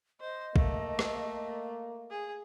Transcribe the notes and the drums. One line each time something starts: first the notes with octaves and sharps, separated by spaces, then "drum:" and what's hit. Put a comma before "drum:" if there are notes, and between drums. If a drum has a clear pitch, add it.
C5 D#5
A3 A#3, drum: kick A1
drum: rim click
G#4